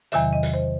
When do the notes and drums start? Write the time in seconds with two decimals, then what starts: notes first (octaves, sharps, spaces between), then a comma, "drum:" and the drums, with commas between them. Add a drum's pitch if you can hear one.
0.12 E2 C3 D#3 F#3 E5, drum: hi-hat
0.33 D#5
0.43 drum: hi-hat
0.54 C5